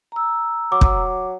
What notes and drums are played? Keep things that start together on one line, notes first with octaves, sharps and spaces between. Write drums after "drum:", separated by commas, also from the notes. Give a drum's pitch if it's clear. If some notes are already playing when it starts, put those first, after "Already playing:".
A#5 E6
F#3 D6
drum: kick